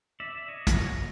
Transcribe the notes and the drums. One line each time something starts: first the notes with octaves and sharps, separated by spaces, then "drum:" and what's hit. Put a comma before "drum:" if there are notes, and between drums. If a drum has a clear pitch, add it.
D5 E5
C#5 D#5
drum: kick, hi-hat